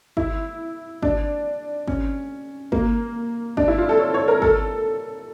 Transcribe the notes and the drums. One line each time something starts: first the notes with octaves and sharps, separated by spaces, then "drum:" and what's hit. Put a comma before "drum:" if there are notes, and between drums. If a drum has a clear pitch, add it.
E4, drum: kick
D4, drum: kick
C#4, drum: kick
A#3, drum: kick
D4, drum: kick
E4
F4
A4
C#5
C#5
A#4
A4, drum: kick